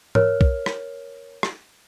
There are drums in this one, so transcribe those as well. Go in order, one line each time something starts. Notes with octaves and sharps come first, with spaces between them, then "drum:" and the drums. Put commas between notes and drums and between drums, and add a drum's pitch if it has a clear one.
A#4 C#5 F6, drum: tom G#2
drum: kick B1
drum: rim click
drum: rim click